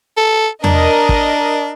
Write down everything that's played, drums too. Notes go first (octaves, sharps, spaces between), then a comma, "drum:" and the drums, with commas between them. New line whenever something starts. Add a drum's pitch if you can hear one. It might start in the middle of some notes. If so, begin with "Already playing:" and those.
A4
D4 A#4 D#5, drum: tom E2
drum: kick